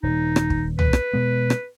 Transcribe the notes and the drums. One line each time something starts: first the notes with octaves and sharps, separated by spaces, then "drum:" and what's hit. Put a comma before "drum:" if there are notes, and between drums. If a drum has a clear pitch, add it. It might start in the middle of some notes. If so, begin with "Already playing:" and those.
D#1 D#4
drum: rim click
drum: kick
B4, drum: tom
drum: rim click
B2 G#3 B3
drum: rim click